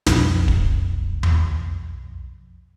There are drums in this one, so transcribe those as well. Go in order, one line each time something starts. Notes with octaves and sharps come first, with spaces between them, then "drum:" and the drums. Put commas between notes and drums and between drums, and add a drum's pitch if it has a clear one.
B1 F2, drum: snare
drum: kick
drum: tom E2